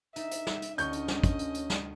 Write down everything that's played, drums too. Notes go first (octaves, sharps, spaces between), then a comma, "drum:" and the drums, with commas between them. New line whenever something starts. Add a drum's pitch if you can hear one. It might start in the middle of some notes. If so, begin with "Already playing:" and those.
D#4 E5, drum: hi-hat
drum: hi-hat
drum: snare
drum: hi-hat
D2 C#4 D#5 C#6 G6, drum: hi-hat
drum: hi-hat
drum: snare
drum: kick, hi-hat
drum: hi-hat
drum: hi-hat
drum: snare